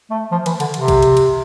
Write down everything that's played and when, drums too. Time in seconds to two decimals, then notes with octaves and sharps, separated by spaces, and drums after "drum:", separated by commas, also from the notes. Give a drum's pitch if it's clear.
0.10 A3
0.31 F3
0.46 E3, drum: cymbal
0.60 D3, drum: cymbal
0.74 C3, drum: cymbal
0.88 drum: kick A#1, cymbal
1.02 drum: cymbal
1.17 drum: cymbal